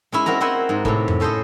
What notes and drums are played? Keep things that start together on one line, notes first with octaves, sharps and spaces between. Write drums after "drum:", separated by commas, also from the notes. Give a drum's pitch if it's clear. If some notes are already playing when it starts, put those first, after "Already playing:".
G#3 C#4 E4
C4 F#4 A#4 A#5
C4 E4 C5 F#5 G#5
G#2
A2 C3, drum: kick
drum: tom F2
C#4 A4 C5 C#5 D#5